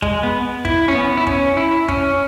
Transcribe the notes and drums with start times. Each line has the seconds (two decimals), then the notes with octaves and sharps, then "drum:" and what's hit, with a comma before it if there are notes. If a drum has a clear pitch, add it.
0.02 G#3, drum: kick
0.23 B3
0.65 E4, drum: kick
0.88 C#4
0.95 B3
1.17 E4
1.27 C#4, drum: kick
1.57 E4
1.88 C#4, drum: kick